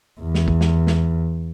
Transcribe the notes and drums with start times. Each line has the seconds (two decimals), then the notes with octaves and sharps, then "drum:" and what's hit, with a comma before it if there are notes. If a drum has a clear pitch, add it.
0.21 E2
0.35 drum: snare
0.48 drum: kick
0.61 drum: snare
0.87 drum: snare